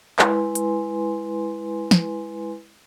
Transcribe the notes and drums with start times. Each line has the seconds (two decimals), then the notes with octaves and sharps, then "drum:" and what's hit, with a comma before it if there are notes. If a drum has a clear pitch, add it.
0.19 G#3 E4 B4 G#5 C6, drum: clap
0.55 drum: hi-hat
1.91 drum: snare